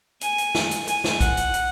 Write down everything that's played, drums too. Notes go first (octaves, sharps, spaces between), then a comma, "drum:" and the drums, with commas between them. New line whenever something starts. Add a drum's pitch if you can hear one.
G#5, drum: hi-hat
drum: hi-hat
drum: snare
drum: hi-hat
G#5, drum: hi-hat
drum: snare
F#5, drum: kick B1, hi-hat
drum: hi-hat
drum: hi-hat